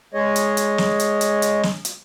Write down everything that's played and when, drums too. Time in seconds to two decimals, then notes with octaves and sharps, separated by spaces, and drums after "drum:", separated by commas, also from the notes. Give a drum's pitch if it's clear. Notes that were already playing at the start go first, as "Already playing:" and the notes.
0.14 G#3 G#4 C#5 D#5
0.36 drum: hi-hat
0.57 drum: hi-hat
0.78 drum: snare
1.00 drum: hi-hat
1.21 drum: hi-hat
1.42 drum: hi-hat
1.63 drum: snare
1.85 drum: hi-hat